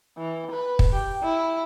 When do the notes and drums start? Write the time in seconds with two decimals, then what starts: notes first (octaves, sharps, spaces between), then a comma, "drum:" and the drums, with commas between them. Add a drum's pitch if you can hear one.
0.18 E3
0.51 B4
0.79 drum: kick
0.92 G4
1.22 E4